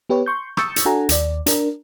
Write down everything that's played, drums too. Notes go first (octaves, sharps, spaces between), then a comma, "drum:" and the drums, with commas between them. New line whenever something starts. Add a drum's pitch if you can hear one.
B3 G4 B4 C#5
C6 C#6 G6
C#6 D#6 E6 G6 A6 C#7, drum: rim click
drum: hi-hat
D4 F#4 A4 F#5 G#5 A#5
D#2 D5, drum: hi-hat
D4 A#4, drum: hi-hat